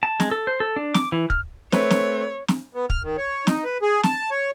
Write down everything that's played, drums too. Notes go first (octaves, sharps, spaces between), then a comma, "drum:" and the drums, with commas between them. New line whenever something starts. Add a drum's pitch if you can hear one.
A5
G#3, drum: snare
A4
C5
A4
D4
D6, drum: snare
E3
F6, drum: kick
A3 C4 B4 C#5, drum: snare
drum: snare
drum: snare
B3
F6, drum: kick
D#3
C#5
D#4, drum: snare
B4
G#4
A5, drum: snare
C#5